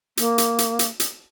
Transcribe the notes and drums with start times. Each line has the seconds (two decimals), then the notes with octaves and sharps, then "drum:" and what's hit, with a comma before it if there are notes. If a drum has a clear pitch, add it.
0.17 A#3, drum: hi-hat
0.38 drum: hi-hat
0.58 drum: hi-hat
0.79 drum: hi-hat
1.00 drum: hi-hat